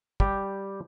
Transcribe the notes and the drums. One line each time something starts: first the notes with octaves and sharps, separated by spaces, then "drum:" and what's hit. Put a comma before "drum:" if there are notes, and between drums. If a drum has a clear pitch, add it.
G3 G4, drum: kick